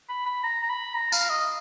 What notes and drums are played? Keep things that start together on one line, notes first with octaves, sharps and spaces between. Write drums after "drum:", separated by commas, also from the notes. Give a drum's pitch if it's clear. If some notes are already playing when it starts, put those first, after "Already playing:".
B5
B5
A#5
A#5
B5
A#5
F5, drum: tambourine
D#5